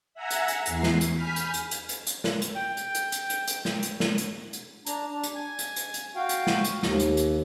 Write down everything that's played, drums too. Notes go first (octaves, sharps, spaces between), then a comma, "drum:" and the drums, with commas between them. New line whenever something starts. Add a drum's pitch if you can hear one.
E5 F#5 G#5 A#5 E6
drum: hi-hat
drum: hi-hat
E2 C7, drum: hi-hat
drum: snare
drum: hi-hat
G#5 B5 F6 G6 B6
drum: hi-hat
drum: hi-hat
drum: hi-hat
drum: hi-hat
drum: hi-hat
drum: snare
drum: hi-hat
G5
drum: hi-hat
drum: hi-hat
drum: hi-hat
drum: hi-hat
drum: hi-hat
drum: snare
drum: hi-hat
drum: snare
drum: hi-hat
drum: hi-hat
D4 A#5, drum: hi-hat
D4
drum: hi-hat
G#5
drum: hi-hat
drum: hi-hat
drum: hi-hat
F#4 F5 G5
drum: hi-hat
drum: snare
drum: hi-hat
D#2, drum: snare
drum: hi-hat
drum: hi-hat